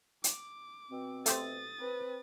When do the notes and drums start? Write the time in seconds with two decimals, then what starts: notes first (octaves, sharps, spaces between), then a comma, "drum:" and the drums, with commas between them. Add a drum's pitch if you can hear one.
0.24 D6, drum: hi-hat
0.91 B2 C4
1.26 A3 G4 C5 D#6 A6, drum: hi-hat
1.80 C4 B4